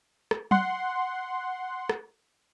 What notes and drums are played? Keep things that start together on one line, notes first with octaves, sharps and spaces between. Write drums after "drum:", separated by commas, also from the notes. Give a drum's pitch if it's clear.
drum: rim click
F#5 C6, drum: tom F#3
drum: rim click